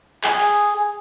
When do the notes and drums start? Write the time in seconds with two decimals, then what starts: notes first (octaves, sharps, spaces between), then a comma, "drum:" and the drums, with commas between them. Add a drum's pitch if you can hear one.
0.24 G#4, drum: clap
0.39 drum: open hi-hat